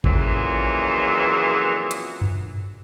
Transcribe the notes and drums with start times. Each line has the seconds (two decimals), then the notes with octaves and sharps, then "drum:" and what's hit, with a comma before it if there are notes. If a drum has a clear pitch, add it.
0.04 F2 A#2 C#3 E3 F#3, drum: kick A1
1.91 drum: hi-hat
2.21 drum: tom F#2